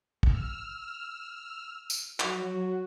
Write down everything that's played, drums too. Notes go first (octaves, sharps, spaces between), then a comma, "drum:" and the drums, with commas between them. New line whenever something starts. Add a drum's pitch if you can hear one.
E6 F6, drum: kick
drum: tambourine
F#3 F#4, drum: clap